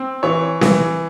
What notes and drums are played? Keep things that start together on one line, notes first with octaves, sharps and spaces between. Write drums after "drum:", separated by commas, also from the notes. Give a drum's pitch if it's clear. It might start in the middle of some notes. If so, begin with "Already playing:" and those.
Already playing: C4
E3 C#5
E3, drum: snare C4